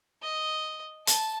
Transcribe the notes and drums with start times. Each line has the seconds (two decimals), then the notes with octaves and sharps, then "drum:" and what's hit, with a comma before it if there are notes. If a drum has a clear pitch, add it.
0.23 D#5
1.07 A5, drum: hi-hat